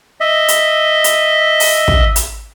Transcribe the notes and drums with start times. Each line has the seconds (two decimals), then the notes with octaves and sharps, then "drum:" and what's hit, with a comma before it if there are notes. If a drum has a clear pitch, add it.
0.21 D#5 E5
0.48 drum: hi-hat
1.04 drum: hi-hat
1.60 drum: open hi-hat
1.88 drum: kick
2.16 drum: hi-hat